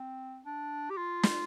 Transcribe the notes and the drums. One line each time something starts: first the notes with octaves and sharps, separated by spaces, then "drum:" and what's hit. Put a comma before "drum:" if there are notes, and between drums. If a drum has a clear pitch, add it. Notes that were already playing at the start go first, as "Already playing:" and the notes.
Already playing: C4
D4
G4
F4
drum: snare